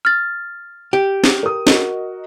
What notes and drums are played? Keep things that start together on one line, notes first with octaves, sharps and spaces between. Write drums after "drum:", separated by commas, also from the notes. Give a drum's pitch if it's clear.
F6 A6
G4
drum: snare
A#4 D#6
F#4 A#4 D#5, drum: snare